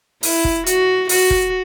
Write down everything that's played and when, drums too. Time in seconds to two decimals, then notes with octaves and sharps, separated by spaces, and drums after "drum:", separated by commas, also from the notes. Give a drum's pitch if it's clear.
0.23 E4, drum: open hi-hat
0.45 drum: kick
0.66 F#4, drum: hi-hat
1.09 F#4, drum: open hi-hat
1.30 drum: kick